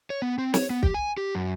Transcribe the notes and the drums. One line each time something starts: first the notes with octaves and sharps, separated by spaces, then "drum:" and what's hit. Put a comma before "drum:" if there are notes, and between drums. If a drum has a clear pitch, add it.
C#5
B3
C4
C#5, drum: snare
B3
G4, drum: kick
G#5
G4
F#2